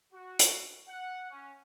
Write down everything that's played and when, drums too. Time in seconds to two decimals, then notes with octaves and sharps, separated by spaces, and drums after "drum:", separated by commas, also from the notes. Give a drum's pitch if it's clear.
0.13 F#4
0.39 drum: hi-hat
0.88 F#5
1.31 C#4